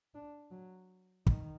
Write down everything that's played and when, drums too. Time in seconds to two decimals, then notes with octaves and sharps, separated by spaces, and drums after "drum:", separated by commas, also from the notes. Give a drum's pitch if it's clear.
0.14 D4
0.51 F#3
1.27 D#3, drum: kick